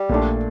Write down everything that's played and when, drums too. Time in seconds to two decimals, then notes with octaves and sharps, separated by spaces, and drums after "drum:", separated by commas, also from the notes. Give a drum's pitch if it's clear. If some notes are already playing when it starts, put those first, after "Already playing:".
Already playing: G3
0.09 A#2 A3 D4, drum: kick A#1